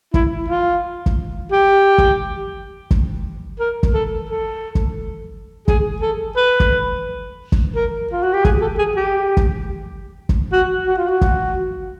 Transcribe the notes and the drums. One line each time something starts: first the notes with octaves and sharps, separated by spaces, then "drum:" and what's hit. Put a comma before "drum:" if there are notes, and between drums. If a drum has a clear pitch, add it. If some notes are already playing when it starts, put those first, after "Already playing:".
E4, drum: kick
F4
drum: kick
G4
drum: kick
drum: kick
A#4
drum: kick
A4
A4
drum: kick
G#4, drum: kick
A4
B4
drum: kick
drum: kick
A#4
F4
F#4
G4
G#4, drum: kick
A4
G#4
G4
drum: kick
drum: kick
F#4
F#4
F4
F#4
drum: kick